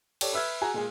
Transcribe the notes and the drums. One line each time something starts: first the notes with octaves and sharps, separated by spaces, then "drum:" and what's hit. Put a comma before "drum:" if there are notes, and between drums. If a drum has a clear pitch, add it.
G4 A4 C#5 D5, drum: cymbal
B4 E5 E6 F6 G#6
F#4 G#4 G#5 A#5
A#2 G#3 G#4